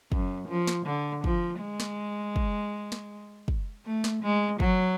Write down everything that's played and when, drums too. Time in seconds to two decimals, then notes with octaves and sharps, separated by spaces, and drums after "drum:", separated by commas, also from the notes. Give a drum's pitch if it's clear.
0.12 F#2, drum: kick
0.48 F3
0.67 drum: snare
0.86 D3
1.24 F3, drum: kick
1.61 G#3
1.80 drum: snare
2.36 drum: kick
2.92 drum: snare
3.48 drum: kick
3.85 A3
4.04 drum: snare
4.23 G#3
4.60 F#3, drum: kick